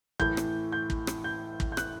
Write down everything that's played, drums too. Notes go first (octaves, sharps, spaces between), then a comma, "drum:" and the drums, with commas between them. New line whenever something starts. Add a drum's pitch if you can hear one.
A2 E3 A3 G6, drum: kick
drum: rim click
G6
drum: kick
drum: rim click
G6
drum: kick
G6
F#6, drum: rim click